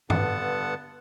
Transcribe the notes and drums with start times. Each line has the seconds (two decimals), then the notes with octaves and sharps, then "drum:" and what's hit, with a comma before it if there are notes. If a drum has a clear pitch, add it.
0.10 G2 D3 B3 F#5 A5, drum: tom G2